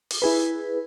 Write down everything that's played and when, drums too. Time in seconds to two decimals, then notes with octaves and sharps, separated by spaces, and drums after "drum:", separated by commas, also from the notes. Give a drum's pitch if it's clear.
0.11 drum: open hi-hat
0.22 E4 G#4 B4